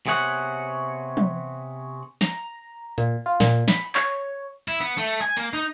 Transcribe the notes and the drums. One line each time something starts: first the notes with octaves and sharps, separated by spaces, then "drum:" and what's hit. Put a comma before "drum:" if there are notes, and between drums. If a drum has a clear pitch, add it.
C3 B3 G#4 C#5 F#5
drum: tom
A#5, drum: snare
A#2, drum: hi-hat
F4
A#2, drum: snare
B5, drum: snare
C#5, drum: clap
E4
B3
A3
G#5
A#3
D#4